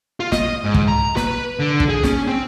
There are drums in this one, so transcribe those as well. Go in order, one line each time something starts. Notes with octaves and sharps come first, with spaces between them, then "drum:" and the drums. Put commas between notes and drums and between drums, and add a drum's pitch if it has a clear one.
F4
D#5, drum: snare
G#2
drum: kick
A#5
B4, drum: snare
D3
drum: kick
G#4
C#4, drum: snare
C4